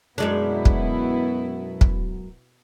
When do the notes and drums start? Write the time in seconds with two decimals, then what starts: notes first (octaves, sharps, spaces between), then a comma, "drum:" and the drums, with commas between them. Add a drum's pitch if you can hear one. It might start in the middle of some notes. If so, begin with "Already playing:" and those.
0.18 F#2 B2 G#3 B3 D4 E4
0.65 drum: kick
1.81 drum: kick